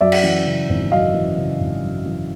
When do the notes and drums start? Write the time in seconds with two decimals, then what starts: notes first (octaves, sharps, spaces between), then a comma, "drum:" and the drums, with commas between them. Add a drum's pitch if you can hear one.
0.01 F#2 D5 E5
0.12 drum: cymbal
0.24 E3
0.46 C#3
0.69 G#1
0.91 F#2 D#5 F5
1.14 E3
1.37 C#3
1.60 G#1
1.82 F#2
2.06 E3